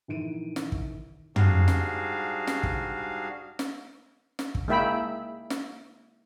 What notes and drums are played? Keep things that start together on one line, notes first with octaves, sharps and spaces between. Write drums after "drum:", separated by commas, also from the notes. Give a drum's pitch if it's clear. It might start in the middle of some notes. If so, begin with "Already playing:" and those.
A#1 D#3 E3 D7 D#7
drum: snare
drum: kick
G#2 G3 D4 F#4 G#4 F5, drum: tom
drum: snare
drum: snare
drum: kick
drum: snare
drum: snare
drum: kick
G#3 A#3 E4 E5 G5 B5
drum: snare